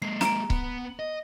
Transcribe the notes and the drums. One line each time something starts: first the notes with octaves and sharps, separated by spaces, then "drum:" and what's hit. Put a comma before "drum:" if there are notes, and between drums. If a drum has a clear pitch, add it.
G#3 A#3 C7
A#5 D7, drum: snare
B3, drum: kick C#1
D#5